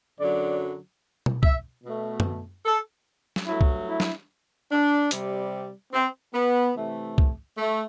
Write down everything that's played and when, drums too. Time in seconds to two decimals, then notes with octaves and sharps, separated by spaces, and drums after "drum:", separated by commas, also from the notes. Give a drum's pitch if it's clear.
0.19 F#2 D3 F#3 D5
1.26 drum: tom B2
1.43 E5, drum: kick
1.83 B2 A3
2.20 drum: tom F#2
2.65 A4
3.36 drum: snare
3.46 G2 F#3 A3 E4
3.61 drum: kick
3.87 E4
4.00 drum: snare
4.71 D4
5.11 C3 G3, drum: hi-hat
5.93 C4
6.33 B3
6.75 C3 E3 A3
7.18 drum: kick
7.57 A3